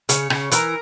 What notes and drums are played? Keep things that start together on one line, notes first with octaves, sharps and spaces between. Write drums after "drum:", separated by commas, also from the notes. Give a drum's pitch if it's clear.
C#3 C#5, drum: hi-hat
C#3, drum: rim click
E3 A#4, drum: hi-hat